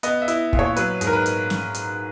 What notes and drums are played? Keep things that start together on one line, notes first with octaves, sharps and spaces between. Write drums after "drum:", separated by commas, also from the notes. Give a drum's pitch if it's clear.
B3 D#5, drum: hi-hat
E5
E4, drum: hi-hat
A#2, drum: kick
C#5
F#3 B4, drum: hi-hat
G#2, drum: hi-hat
A#4
B4
drum: hi-hat
drum: snare
drum: hi-hat